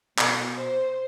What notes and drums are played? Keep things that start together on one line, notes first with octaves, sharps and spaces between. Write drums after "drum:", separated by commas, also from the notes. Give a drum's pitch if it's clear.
B2, drum: clap
C5